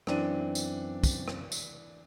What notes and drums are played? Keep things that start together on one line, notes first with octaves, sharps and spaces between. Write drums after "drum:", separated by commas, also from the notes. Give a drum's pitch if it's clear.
F#2 E3 C4 D4 D#7, drum: rim click
drum: tambourine
drum: kick, tambourine
drum: rim click
drum: tambourine